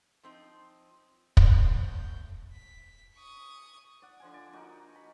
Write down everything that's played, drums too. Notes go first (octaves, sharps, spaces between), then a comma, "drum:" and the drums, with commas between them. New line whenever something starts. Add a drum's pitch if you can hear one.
F3 C4 D#4
A3 C5 G6, drum: kick
D#2 F#5 G6
B6
C#6 D#6
D5 F#5
D3 F3 G#5
D5
D#4 F#4 A#4
B5